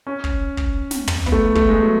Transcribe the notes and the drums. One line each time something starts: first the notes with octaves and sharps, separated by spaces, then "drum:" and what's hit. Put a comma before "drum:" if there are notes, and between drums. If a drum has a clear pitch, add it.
C#4
drum: kick
drum: kick
drum: snare
drum: tom
B3, drum: kick
A3
A3, drum: kick
G#3
F#3